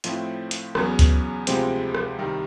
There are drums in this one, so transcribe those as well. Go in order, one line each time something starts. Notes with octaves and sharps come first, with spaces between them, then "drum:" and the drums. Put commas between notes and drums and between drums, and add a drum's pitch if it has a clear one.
A2 F3 A3 C4 E4, drum: hi-hat
drum: hi-hat
E2 C#3 F#3 B3, drum: rim click
drum: kick C#2, hi-hat
D2 C3 F3 G#3 C4, drum: hi-hat
drum: rim click
C2 C3 D#3 G3